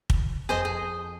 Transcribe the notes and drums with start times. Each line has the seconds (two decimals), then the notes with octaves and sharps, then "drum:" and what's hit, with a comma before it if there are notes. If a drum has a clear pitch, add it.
0.10 drum: kick
0.49 F2 G#4 C5 D#5
0.65 G#4